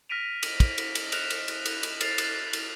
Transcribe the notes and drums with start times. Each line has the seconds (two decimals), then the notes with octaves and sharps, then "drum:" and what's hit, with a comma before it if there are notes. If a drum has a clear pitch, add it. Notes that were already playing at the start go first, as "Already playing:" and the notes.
0.09 F6 A#6 B6 D7 D#7 F7
0.43 drum: cymbal
0.60 drum: kick, cymbal
0.78 drum: cymbal
0.95 drum: cymbal
1.12 F6 F#6 A#6 E7 F7, drum: cymbal
1.30 drum: cymbal
1.48 drum: cymbal
1.66 drum: cymbal
1.83 drum: cymbal
2.01 F6 A6 C7 F7, drum: cymbal
2.18 drum: cymbal
2.53 drum: cymbal